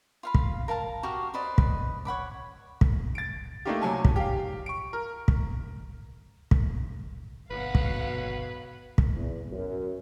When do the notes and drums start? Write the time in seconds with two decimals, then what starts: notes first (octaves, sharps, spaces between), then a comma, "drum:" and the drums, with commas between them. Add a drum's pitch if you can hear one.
0.23 F4 F5 B5
0.35 drum: kick
0.68 A#4 F5 A5 A#5
1.03 F#4 G4 A#4 F5
1.34 B4 C5 D5 D#5
1.58 drum: kick
2.05 C#5 F#5 B5 D6
2.81 drum: kick
3.15 A6 D7
3.65 A3 A#3 D4 D#4 F4 G4
3.82 C3 F#3 G#5 A5
4.05 drum: kick
4.16 G4 F5
4.66 C#6 D7
4.93 A#4
5.28 drum: kick
6.51 drum: kick
7.50 G1 B2 F#3 B3 B4 F5 F#5
7.75 drum: kick
8.98 drum: kick
9.16 E2
9.52 F#2